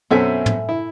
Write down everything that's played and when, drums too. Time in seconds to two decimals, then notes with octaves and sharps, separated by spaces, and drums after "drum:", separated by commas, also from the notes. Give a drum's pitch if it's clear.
0.11 F#2 B2 C4 A4 E5 G#5
0.46 drum: tom
0.69 E4